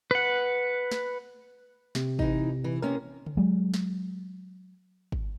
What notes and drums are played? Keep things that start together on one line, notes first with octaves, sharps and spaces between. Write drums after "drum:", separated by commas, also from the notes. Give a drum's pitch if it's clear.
B4 F#5
drum: snare
C3, drum: snare
E3 D#4, drum: kick
E3
C3 A#3 C#4 A#4
drum: tom C#3
F#3 G#3
drum: snare
drum: kick